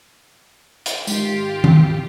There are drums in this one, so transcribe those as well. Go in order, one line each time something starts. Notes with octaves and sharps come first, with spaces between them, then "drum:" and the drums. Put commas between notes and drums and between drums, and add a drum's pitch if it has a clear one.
drum: hi-hat
G#2 D#3 F4 G4, drum: tambourine
drum: tom